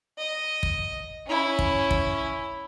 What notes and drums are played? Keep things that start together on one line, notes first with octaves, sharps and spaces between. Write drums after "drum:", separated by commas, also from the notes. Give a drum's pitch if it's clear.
D#5
drum: kick
C#4 E4
drum: kick
drum: kick